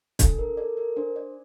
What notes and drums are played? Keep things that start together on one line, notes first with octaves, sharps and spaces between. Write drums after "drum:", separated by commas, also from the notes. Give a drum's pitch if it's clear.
D4 A4, drum: kick, hi-hat
A#4
A4 D5
A#4
D4 C5
D5